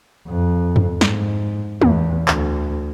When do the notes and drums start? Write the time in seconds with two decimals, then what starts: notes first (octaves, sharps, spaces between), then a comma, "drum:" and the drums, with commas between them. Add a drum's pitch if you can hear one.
0.28 F2
0.76 drum: tom
1.01 G#2, drum: snare
1.82 E2, drum: tom
2.28 D2, drum: clap